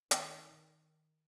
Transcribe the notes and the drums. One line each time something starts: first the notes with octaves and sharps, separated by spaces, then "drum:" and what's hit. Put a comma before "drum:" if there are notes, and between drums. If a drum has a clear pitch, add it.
D#3, drum: hi-hat